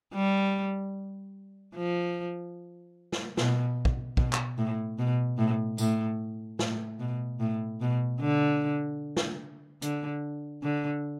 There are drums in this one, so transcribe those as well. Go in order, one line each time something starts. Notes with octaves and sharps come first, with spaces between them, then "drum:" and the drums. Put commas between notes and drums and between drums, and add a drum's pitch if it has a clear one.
G3
F3
drum: snare
B2, drum: snare
drum: kick
B2, drum: kick
drum: clap
A2
B2
A2
A2, drum: tambourine
A2, drum: snare
B2
A2
B2
D3
drum: snare
D3, drum: hi-hat
D3